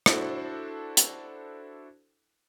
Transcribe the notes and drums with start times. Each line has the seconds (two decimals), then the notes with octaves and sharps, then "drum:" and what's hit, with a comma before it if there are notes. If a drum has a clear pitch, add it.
0.06 D4 E4 F#4 A4 C5, drum: rim click
0.97 drum: hi-hat